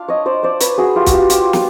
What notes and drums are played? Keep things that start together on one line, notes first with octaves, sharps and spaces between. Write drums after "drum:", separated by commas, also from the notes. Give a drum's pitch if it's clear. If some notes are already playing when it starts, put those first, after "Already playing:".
Already playing: D4 F4 F5
C#5 D#5
C5 D5
C5 D5
B4 C#5, drum: hi-hat
F#4 G#4
F4 G4
F#4, drum: kick, hi-hat
F4 G4
F4 G4, drum: hi-hat
drum: snare